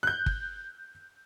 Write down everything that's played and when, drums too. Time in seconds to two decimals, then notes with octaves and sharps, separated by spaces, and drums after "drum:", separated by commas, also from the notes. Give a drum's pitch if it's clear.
0.03 F#6 G6
0.26 drum: kick